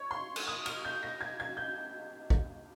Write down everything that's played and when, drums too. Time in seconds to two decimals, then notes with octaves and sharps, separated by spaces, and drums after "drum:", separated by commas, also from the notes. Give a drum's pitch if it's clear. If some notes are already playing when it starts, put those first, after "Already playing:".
Already playing: C#5
0.11 C6
0.36 drum: cymbal
0.47 D#6
0.66 F6, drum: cymbal
0.85 G6
1.03 A#6
1.21 G#6
1.40 G#6
1.57 G6
2.30 drum: kick